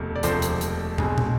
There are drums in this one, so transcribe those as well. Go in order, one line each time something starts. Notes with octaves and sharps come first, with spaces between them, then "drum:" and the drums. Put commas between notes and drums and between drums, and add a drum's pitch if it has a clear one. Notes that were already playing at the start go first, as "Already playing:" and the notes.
Already playing: E1 D2 C3 F3 A3
D5
E1 D2 C3 F3 A3 C5, drum: hi-hat
drum: hi-hat
drum: hi-hat
B1 B2 G#3 C4 G#4, drum: tom
drum: tom